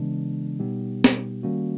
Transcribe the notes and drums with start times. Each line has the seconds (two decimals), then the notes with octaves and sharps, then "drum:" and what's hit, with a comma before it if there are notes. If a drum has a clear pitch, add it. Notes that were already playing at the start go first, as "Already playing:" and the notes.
Already playing: C#3 E3 G#3 B3 D4
0.60 B2 G3 B3 D#4 G4
1.04 drum: snare
1.43 D#3 G3 A#3 C#4 F#4